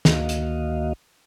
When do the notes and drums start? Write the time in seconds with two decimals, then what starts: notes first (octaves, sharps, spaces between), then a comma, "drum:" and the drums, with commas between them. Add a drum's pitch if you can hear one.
0.05 D2 D#3 A#3 F#4 D#5 F5, drum: snare
0.29 drum: hi-hat